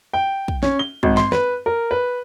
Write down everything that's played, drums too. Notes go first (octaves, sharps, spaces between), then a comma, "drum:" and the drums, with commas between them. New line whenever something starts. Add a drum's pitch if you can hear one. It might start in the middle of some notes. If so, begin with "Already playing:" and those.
G5
drum: kick
C#4, drum: snare
G7
G#1, drum: kick
C6, drum: snare
B4, drum: snare
A#4
B4